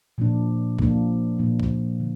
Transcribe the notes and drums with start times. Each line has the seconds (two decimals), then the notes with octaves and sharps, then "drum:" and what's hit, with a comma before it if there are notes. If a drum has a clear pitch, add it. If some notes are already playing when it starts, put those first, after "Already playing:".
0.18 A#2 F3 A#3 D4
0.79 A#2 F3 A#3 D4, drum: kick
1.39 A#2 F3 A#3 D4
1.60 drum: kick
2.00 D3